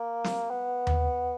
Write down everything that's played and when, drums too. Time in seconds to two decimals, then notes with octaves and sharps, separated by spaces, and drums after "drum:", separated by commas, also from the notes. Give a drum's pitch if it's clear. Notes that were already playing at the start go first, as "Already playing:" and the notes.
Already playing: A#3
0.24 drum: snare
0.50 B3
0.87 drum: tom D#2